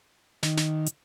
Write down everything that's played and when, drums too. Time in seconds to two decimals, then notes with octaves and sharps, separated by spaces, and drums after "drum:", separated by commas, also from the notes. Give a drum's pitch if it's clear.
0.43 D#3, drum: snare
0.57 drum: snare
0.86 drum: hi-hat